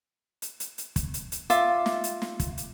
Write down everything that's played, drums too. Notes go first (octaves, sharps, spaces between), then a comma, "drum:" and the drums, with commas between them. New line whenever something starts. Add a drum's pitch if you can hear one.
drum: hi-hat
drum: hi-hat
drum: hi-hat
drum: kick, hi-hat
drum: hi-hat
drum: hi-hat
F4 E5 D6, drum: hi-hat
drum: snare
drum: hi-hat
drum: snare
drum: kick, hi-hat
drum: hi-hat